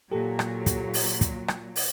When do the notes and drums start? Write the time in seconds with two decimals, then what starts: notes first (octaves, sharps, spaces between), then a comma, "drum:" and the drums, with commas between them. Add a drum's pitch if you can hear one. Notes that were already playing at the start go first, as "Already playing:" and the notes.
0.12 A#2 F#3 G4 A4
0.39 drum: rim click
0.66 drum: kick, hi-hat
0.94 drum: open hi-hat
1.21 drum: kick, hi-hat
1.48 drum: rim click
1.76 drum: open hi-hat